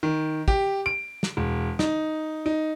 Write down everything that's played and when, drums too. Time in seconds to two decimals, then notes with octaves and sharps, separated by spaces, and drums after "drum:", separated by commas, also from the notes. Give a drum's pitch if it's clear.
0.03 D#3
0.48 G4, drum: kick
0.86 D7
1.23 drum: snare
1.37 E1
1.79 D#4, drum: snare
2.46 D#4